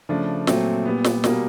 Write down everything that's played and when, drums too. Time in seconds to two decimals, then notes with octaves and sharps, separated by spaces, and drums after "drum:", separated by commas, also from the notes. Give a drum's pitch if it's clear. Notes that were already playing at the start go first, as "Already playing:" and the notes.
0.09 C#3 F3 A3 D4
0.47 A#2 F#3 A3 C4, drum: snare
0.86 A#2 G3 B3
1.04 drum: snare
1.24 B2 G3 A#3, drum: snare